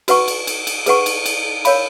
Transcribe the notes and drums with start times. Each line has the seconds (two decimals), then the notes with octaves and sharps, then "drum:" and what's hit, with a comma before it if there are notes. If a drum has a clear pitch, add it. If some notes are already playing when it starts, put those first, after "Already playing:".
0.08 F#4 B4 F#5 C#6, drum: cymbal
0.28 drum: cymbal
0.47 drum: cymbal
0.67 drum: cymbal
0.86 G#4 B4 F#5 C#6, drum: cymbal
1.06 drum: cymbal
1.26 drum: cymbal
1.65 A#4 C#5 F5 B5, drum: cymbal